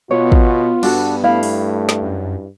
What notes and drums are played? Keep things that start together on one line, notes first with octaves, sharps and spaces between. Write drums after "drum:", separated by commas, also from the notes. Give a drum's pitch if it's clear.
B2 B3 F4 C#5
drum: kick
G2 D4 F#4 A4, drum: cymbal
A3 E4 F5
drum: open hi-hat
drum: snare
F#2